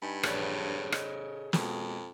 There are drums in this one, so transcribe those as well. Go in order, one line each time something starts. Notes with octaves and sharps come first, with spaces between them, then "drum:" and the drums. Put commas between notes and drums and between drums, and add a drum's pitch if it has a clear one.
G2 D#4 G#5 B5
A#1 G#4 A4 B4 C#5 D5, drum: rim click
D#5, drum: rim click
F2 B2 G#3, drum: snare